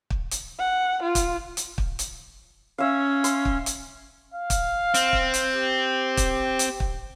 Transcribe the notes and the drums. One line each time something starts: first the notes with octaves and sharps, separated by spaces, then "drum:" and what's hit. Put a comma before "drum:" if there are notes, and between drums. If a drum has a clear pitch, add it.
drum: kick
drum: hi-hat
F#5
F4
drum: kick, hi-hat
drum: hi-hat
drum: kick
drum: hi-hat
C#4 E5 F5
C6, drum: hi-hat
drum: kick
drum: hi-hat
F5
drum: kick, hi-hat
C4, drum: hi-hat
drum: kick
drum: hi-hat
G4
drum: kick, hi-hat
drum: hi-hat
drum: kick